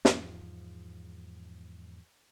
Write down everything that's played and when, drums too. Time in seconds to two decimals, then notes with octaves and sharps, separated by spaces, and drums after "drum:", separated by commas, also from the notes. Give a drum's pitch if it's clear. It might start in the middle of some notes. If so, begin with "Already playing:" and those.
0.05 E2 G#2 F3, drum: snare